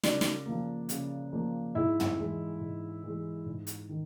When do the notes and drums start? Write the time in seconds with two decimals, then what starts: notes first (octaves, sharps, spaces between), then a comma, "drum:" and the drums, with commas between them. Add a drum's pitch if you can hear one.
0.03 C#3 D4 D5, drum: snare
0.21 drum: snare
0.46 F3 A#3
0.89 C#3, drum: hi-hat
1.33 F3 A#3
1.75 G#2 E4 E5
2.00 drum: tom
2.18 E3 G#3
2.61 G#2
3.04 E3 G#3
3.46 G#2
3.67 drum: hi-hat
3.89 D#3